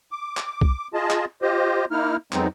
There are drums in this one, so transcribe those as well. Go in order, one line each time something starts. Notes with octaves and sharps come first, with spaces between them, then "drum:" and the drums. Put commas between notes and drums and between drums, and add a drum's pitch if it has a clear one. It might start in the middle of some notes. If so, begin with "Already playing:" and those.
D6
drum: clap
drum: kick B1
F4 G#4 D#5 A5
drum: clap
F4 G4 C5 D#5
A#3 D#4 E4 F6
F2 F#3 G#3 B3 C4 D#4, drum: clap